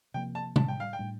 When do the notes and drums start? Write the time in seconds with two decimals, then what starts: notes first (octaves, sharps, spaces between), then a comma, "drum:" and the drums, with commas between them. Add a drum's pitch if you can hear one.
0.14 C3 F3 A#3 G5
0.35 A5
0.56 A2 G3 D4 A5, drum: tom C3
0.68 G5
0.80 F5
0.93 G5
0.99 A2 G3 D4